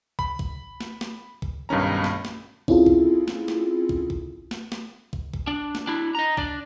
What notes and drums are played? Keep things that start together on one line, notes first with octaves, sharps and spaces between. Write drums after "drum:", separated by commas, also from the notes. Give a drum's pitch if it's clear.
B5, drum: kick
drum: kick
drum: snare
drum: snare
drum: kick
B1 G2 D#3 C#4 A#5
drum: snare
drum: snare
C4 C#4 E4 F4 G#4 A4, drum: kick
drum: kick
drum: snare
drum: snare
drum: kick
drum: kick
drum: snare
drum: snare
drum: kick
drum: kick
D4
drum: snare
D4 E4
D#5 A#5
D4 D5, drum: kick